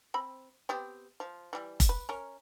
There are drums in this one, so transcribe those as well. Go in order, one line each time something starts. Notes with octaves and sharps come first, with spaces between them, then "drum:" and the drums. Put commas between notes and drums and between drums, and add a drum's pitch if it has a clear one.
C4 B5
B3 C4 G4
F3
E3 G3
drum: kick F1, hi-hat
B4
C#4 A#4